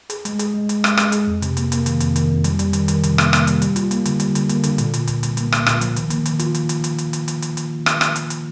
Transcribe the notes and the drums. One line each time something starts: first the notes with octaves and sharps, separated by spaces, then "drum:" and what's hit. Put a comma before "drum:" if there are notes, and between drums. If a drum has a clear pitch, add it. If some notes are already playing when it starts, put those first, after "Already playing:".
G#4, drum: hi-hat
G#3, drum: hi-hat
G#4, drum: hi-hat
G#3
G#3, drum: hi-hat
G#3, drum: rim click
G#3, drum: rim click
G#4, drum: hi-hat
F2
C3, drum: hi-hat
A#3, drum: hi-hat
A#3, drum: hi-hat
D#3, drum: hi-hat
F2, drum: hi-hat
D#3, drum: hi-hat
F2
G3, drum: hi-hat
G3, drum: hi-hat
D#3, drum: hi-hat
D#3, drum: hi-hat
C3, drum: hi-hat
A#3, drum: rim click
A#3, drum: rim click
G3, drum: hi-hat
G3, drum: hi-hat
F4, drum: hi-hat
A#3, drum: hi-hat
D3, drum: hi-hat
G3, drum: hi-hat
D3, drum: hi-hat
A#3, drum: hi-hat
D3, drum: hi-hat
A#2, drum: hi-hat
A#2, drum: hi-hat
C2, drum: hi-hat
C2, drum: hi-hat
A#3, drum: hi-hat
A#3, drum: rim click
A#2, drum: rim click
F3, drum: hi-hat
D#3, drum: hi-hat
A#3, drum: hi-hat
D#3, drum: hi-hat
F4, drum: hi-hat
drum: hi-hat
drum: hi-hat
drum: hi-hat
drum: hi-hat
drum: hi-hat
drum: hi-hat
drum: hi-hat
drum: hi-hat
drum: rim click
drum: rim click
drum: hi-hat
drum: hi-hat